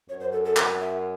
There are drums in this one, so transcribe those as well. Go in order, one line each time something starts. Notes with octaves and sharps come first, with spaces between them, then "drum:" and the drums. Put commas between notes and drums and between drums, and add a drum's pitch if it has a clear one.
F#2 C#5
C5
A4
A4
drum: clap
E5